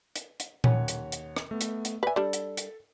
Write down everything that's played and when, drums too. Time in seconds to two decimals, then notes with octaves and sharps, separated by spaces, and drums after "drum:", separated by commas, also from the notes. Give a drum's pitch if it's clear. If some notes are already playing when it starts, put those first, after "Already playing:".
0.16 drum: hi-hat
0.40 drum: hi-hat
0.64 D#2 C#4 C#5 F#5, drum: tom A#2
0.88 drum: hi-hat
1.12 drum: hi-hat
1.36 drum: rim click
1.51 A3 B3
1.61 drum: hi-hat
1.85 drum: hi-hat
2.03 B4 D5 E5 G#5
2.16 G3 D4 A4
2.33 drum: hi-hat
2.57 drum: hi-hat